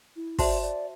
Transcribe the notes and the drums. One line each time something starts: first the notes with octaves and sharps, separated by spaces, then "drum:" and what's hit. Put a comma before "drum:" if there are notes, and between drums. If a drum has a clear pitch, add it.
E4
F#4 C5 D5 E5 A5 C6, drum: kick, open hi-hat
D5